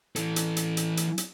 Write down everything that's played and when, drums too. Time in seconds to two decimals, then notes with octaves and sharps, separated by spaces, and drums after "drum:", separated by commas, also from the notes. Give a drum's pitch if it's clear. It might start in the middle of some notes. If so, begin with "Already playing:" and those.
0.16 E3 A4, drum: hi-hat
0.36 drum: hi-hat
0.57 drum: hi-hat
0.77 drum: hi-hat
0.97 drum: hi-hat
1.18 drum: hi-hat